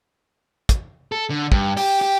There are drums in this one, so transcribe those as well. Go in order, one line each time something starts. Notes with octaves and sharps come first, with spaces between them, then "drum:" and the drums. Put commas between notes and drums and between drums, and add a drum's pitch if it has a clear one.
drum: kick, hi-hat
A4
D3
G2, drum: kick
G4, drum: open hi-hat
G4